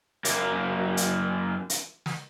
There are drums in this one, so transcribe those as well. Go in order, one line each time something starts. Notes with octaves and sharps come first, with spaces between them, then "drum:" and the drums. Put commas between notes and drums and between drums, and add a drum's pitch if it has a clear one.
F#2 A#3, drum: hi-hat
drum: hi-hat
drum: hi-hat
drum: snare